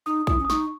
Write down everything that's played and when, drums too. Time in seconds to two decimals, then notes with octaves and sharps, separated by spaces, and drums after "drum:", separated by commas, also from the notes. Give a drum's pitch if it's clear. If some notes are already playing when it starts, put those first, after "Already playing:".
0.06 D#4 D#6
0.27 E4 D#6, drum: kick A#1
0.39 C#4
0.45 D#6
0.50 D#4 C#6, drum: snare